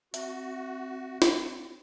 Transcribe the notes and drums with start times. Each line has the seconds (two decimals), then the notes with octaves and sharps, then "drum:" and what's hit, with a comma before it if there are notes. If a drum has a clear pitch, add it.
0.14 C4 F#4 E5, drum: hi-hat
1.22 drum: snare